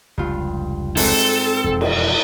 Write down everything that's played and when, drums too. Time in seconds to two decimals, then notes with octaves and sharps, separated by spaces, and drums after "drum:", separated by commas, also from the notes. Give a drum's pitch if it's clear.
0.18 F1 C#2 G2 G3 F4
0.97 G#2 C4 A4, drum: open hi-hat
1.64 E1 F2
1.81 drum: cymbal